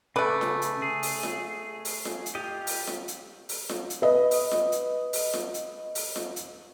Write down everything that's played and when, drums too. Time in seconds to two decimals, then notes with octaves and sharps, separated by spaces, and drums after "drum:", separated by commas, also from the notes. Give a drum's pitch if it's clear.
0.16 C#3 A3 B4 D6
0.41 drum: snare F4
0.62 drum: hi-hat
0.82 G#4
1.03 drum: open hi-hat
1.23 drum: snare F4
1.85 drum: open hi-hat
2.05 drum: snare F4
2.26 drum: hi-hat
2.35 F4 G4 D#5
2.67 drum: open hi-hat
2.87 drum: snare F4
3.08 drum: hi-hat
3.49 drum: open hi-hat
3.69 drum: snare F4
3.90 drum: hi-hat
4.02 B4 D#5
4.31 drum: open hi-hat
4.51 drum: snare F4
4.72 drum: hi-hat
5.13 drum: open hi-hat
5.34 drum: snare F4
5.54 drum: hi-hat
5.95 drum: open hi-hat
6.16 drum: snare F4
6.36 drum: hi-hat